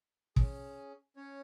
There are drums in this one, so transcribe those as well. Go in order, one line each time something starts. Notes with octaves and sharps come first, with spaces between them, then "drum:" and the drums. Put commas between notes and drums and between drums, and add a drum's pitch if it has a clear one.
C#4 G#4, drum: kick
C#4 C#5